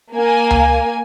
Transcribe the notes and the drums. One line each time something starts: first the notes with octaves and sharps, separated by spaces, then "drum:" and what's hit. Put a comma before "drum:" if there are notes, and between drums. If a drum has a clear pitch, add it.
A#3 G#5
drum: tom C#2